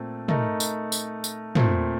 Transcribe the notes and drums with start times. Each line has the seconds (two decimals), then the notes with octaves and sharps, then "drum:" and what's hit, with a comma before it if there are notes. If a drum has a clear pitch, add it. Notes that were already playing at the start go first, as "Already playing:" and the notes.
Already playing: A#2 A3 C4
0.28 A3 D#4 A#4, drum: tom
0.60 drum: tambourine
0.92 drum: tambourine
1.24 drum: tambourine
1.55 A#2 A3 C4, drum: tom